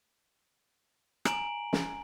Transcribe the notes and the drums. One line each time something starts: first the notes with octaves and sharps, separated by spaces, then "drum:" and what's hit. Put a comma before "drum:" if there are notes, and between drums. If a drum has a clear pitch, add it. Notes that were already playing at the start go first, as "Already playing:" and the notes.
G#5 A#5 D7 F#7, drum: rim click
drum: snare